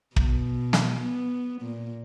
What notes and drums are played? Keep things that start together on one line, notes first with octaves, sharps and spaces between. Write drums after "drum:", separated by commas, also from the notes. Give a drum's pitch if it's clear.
B2, drum: kick
drum: snare
B3
A#2